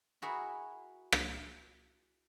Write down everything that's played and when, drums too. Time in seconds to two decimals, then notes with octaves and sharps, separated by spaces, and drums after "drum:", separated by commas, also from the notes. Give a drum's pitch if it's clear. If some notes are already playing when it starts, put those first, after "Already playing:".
0.22 E4 F#4 G#4 A#4 E5
1.12 drum: rim click